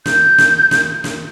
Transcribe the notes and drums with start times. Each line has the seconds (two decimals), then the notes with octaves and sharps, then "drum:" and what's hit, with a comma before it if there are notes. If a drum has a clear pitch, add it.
0.06 G6, drum: snare
0.38 drum: snare
0.71 drum: snare
1.04 drum: snare